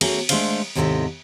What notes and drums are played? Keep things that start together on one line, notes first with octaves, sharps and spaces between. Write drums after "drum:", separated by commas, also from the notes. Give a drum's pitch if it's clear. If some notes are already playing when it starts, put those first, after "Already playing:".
A3 A#3 C#4 F#4 G#4, drum: cymbal
G#3 A3 D4 C5 F5, drum: cymbal
D#2 G#2 C3 E4 A4 D#5